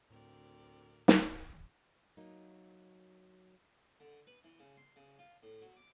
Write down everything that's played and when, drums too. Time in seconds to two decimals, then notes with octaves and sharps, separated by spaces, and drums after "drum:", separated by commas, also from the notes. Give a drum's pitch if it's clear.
0.10 D2 A2 C4 A#4 D5
1.08 drum: snare
2.17 F#3 A#3 D#4
4.00 D3
4.27 B4
4.44 E3
4.60 C#3
4.77 C6
4.96 C#3
5.19 F4
5.43 A2
5.62 F#3
5.77 D6